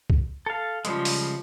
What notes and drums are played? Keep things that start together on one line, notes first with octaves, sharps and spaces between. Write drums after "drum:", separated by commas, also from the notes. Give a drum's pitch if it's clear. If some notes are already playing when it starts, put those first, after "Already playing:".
drum: kick C2
A4 F5
C#3 F3 G3 G#3, drum: hi-hat
drum: open hi-hat